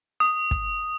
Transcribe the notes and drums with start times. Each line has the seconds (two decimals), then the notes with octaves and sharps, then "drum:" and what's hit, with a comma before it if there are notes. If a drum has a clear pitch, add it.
0.20 D#6
0.51 drum: kick